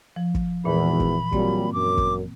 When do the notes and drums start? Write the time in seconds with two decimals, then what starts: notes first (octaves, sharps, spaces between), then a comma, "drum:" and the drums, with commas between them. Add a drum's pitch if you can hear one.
0.16 F3
0.35 drum: kick
0.65 G#1 E2 A#2 E3 B5
1.00 drum: kick
1.32 A#2 F#3 G3 A#3 C4, drum: kick
1.73 F#2 D6
1.98 drum: kick